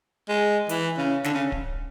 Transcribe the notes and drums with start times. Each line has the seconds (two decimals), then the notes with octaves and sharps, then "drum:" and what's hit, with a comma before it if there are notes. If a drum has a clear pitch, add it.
0.28 G#3
0.69 E3, drum: hi-hat
0.98 C#3
1.24 D3, drum: snare
1.34 C#3
1.52 drum: kick D1